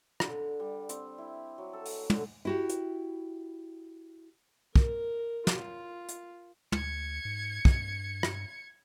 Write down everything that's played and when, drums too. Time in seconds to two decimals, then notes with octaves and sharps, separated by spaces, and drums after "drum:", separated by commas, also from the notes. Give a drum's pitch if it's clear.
0.20 D3, drum: rim click
0.60 G3
0.89 C4, drum: hi-hat
1.18 E4
1.58 F#3
1.73 A4
1.86 drum: open hi-hat
2.10 D3, drum: tom
2.45 E4 F#4 G4
2.70 drum: hi-hat
4.76 A#4, drum: kick
5.47 F4, drum: snare
6.09 drum: hi-hat
6.72 D2 G#6 C#7, drum: tom
7.25 G#2
7.65 G2, drum: kick
8.23 drum: rim click